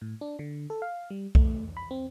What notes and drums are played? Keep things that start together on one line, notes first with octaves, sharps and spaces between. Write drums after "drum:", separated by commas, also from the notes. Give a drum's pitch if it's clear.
A2
D4
D3
A4
F5
G3
A3, drum: kick B1
B5
C4